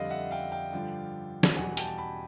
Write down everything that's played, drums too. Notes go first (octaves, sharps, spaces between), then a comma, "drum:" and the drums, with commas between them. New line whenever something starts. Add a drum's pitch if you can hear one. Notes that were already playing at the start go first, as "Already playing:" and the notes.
Already playing: F2 D3 G3 D#5 F5
E5 F#5
F5 G5
F5 G5
G2 D3 F3
drum: snare
E2 B2 G3 F#5 G#5
G5 A5, drum: hi-hat
A5 B5